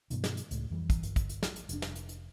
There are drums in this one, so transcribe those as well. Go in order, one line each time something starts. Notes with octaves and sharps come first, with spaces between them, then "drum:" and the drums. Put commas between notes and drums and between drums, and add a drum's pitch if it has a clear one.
G2 B2 D#3, drum: hi-hat
drum: snare
drum: hi-hat
C#2 A2, drum: hi-hat
F2 E3 G3
drum: kick, hi-hat
G1, drum: hi-hat
drum: kick, hi-hat
drum: hi-hat
drum: snare
drum: hi-hat
F1 D4, drum: hi-hat
drum: snare
drum: hi-hat
drum: hi-hat